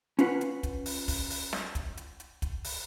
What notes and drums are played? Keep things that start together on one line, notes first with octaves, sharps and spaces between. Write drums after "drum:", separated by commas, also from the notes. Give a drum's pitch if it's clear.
C#4 F4 B4 F#5, drum: hi-hat
drum: hi-hat
drum: kick, hi-hat
drum: open hi-hat
drum: kick, open hi-hat
drum: open hi-hat
drum: snare
drum: kick, hi-hat
drum: hi-hat
drum: hi-hat
drum: kick, hi-hat
drum: open hi-hat